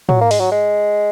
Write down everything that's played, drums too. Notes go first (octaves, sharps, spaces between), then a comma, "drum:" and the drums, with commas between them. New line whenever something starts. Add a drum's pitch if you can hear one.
F#3, drum: tom
A#3
G#3, drum: open hi-hat
F#3
G#3